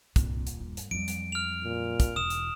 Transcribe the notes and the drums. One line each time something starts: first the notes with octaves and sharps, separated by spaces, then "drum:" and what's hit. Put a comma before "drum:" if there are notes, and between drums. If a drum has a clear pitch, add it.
D#1 C2 G2 A#2, drum: kick, hi-hat
drum: hi-hat
G2
drum: hi-hat
F2 F#3 G3 D7
drum: hi-hat
F6 F7
A#2
drum: kick, hi-hat
E1 D#6 E7
drum: hi-hat